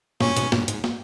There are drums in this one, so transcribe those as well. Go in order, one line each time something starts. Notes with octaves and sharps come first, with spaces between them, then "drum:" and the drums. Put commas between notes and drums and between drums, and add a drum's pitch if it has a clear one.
G2 A#2 C#4, drum: snare
G#2 B2, drum: hi-hat
G2 A#2, drum: snare
G#2, drum: hi-hat
drum: snare